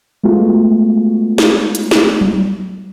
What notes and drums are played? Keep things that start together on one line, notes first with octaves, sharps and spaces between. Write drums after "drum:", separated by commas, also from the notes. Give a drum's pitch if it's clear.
G#3 A3 B3 F4 F#4
drum: snare
drum: hi-hat
drum: snare
drum: tom F#3